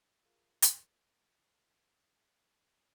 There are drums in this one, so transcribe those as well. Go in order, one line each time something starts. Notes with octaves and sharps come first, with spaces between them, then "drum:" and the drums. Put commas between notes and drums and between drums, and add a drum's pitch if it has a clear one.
F4 G#4 A#4 F5 A#5
drum: hi-hat